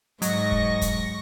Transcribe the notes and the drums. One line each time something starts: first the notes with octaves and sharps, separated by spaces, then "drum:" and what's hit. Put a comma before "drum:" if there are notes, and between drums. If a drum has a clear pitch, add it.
G#2 F#3 D#5 C#6 A#6, drum: hi-hat
drum: kick
drum: kick, hi-hat